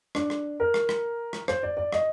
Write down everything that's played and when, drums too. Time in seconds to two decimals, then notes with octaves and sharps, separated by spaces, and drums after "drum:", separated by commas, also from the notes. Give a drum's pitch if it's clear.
0.15 D4, drum: rim click
0.30 drum: rim click
0.60 A#4
0.74 drum: rim click
0.89 drum: rim click
1.33 drum: rim click
1.48 C5, drum: rim click
1.63 D5
1.77 D5
1.93 D#5, drum: rim click